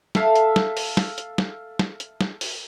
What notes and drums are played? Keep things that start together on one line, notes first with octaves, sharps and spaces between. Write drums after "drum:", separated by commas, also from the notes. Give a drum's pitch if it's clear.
A4 E5 F5, drum: snare
drum: hi-hat
drum: snare
drum: open hi-hat
drum: snare
drum: hi-hat
drum: snare
drum: snare
drum: hi-hat
drum: snare
drum: open hi-hat